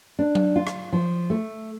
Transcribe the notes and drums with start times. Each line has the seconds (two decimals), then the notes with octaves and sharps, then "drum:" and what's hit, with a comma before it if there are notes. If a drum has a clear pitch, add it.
0.19 D4
0.35 drum: tom F#3
0.56 F4
0.67 drum: rim click
0.93 F3
1.30 A3